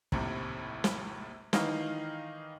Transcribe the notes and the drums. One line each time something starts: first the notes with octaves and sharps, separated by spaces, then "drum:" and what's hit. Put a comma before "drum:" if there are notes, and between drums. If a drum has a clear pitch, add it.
A#1 D#2 A2 C3, drum: kick
drum: snare
D#3 E3 D#4 F5 F6, drum: snare